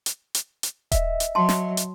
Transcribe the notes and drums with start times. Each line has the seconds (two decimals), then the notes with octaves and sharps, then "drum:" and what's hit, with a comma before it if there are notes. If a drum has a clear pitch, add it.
0.06 drum: hi-hat
0.34 drum: hi-hat
0.63 drum: hi-hat
0.92 D#5 E5, drum: kick D#1, hi-hat
1.20 drum: hi-hat
1.35 F#3 A5 C6
1.49 drum: snare
1.77 drum: hi-hat